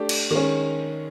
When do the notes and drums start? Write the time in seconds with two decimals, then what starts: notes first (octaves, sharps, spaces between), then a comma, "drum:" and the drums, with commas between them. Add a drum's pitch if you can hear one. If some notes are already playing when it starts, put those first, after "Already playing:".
Already playing: A3 D4 G4
0.09 drum: cymbal
0.31 D#3 G#3 C#4